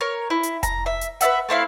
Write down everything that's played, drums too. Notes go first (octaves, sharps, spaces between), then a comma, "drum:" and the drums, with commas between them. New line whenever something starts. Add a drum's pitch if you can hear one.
A#4 C#5
E4
drum: hi-hat
A#5, drum: kick F1, hi-hat
E5
drum: hi-hat
B4 D5 E5 F#5, drum: hi-hat
A3 C4 E4 F5